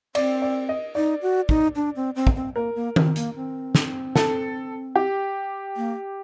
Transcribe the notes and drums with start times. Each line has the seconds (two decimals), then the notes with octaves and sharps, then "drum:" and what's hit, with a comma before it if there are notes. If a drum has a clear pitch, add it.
0.15 C4 D5, drum: cymbal
0.42 D5
0.69 D#5
0.95 D#4 D5
1.22 F#4
1.49 D#4, drum: kick
1.76 D4
1.96 C4
2.16 C4
2.27 drum: kick
2.36 C4
2.56 A#3 A#4
2.75 A#3
2.96 C4, drum: tom D#3
3.16 A#3, drum: hi-hat
3.36 C4
3.75 drum: snare
4.16 A4, drum: snare
4.95 G4
5.77 A#3